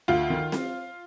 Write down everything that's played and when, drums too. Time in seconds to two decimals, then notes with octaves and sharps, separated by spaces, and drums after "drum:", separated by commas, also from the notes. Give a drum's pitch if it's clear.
0.08 D2 F4
0.30 D#3
0.52 drum: snare C4